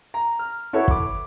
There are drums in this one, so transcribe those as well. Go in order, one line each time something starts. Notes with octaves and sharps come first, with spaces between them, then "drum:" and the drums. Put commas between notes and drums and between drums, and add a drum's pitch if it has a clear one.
A#5
F6
E4 F#4 A4 B4 C#5
B5 D6, drum: kick